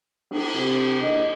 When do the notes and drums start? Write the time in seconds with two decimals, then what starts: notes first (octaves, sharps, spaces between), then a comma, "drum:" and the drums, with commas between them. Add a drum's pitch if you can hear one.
0.31 drum: cymbal
0.55 C3
1.01 D#2 D4 E4 G#4 D#5